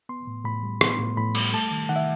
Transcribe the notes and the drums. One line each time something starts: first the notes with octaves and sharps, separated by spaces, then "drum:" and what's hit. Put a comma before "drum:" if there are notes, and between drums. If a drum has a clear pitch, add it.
B3 C6
A2
A2 B5
G3
B3 C6, drum: rim click
A2
A2 B5
G3, drum: cymbal
A3 A5
D#3
D#3 F#5
E5